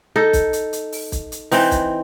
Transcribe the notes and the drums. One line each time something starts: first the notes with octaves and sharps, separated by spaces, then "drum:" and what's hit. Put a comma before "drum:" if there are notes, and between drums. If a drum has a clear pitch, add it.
D#4 A4
drum: kick, hi-hat
drum: hi-hat
drum: hi-hat
drum: open hi-hat
drum: kick, hi-hat
drum: hi-hat
E3 C4 D#4, drum: open hi-hat
drum: kick, hi-hat